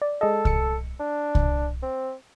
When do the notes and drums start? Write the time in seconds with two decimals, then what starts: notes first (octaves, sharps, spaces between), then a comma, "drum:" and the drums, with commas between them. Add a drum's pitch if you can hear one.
0.02 D5
0.21 G#3 A4 D#5
0.45 E6 C#7, drum: kick C2
1.00 D4
1.35 drum: kick C2
1.82 C4